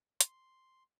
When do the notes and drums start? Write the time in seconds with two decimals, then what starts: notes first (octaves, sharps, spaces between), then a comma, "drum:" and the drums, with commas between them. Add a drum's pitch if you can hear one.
0.21 C6, drum: hi-hat